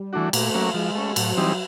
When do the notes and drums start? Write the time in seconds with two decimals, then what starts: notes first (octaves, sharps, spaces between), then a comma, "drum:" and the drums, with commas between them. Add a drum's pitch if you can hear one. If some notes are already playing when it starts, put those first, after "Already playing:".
Already playing: G3
0.13 E3 A3 D4 F#4
0.33 A#2 A3, drum: cymbal
0.54 F#3 A#3 C#4
0.74 F3 G#3
0.95 A3 C#4
1.16 A2 F#3, drum: cymbal
1.37 E3 G3 C4 D#4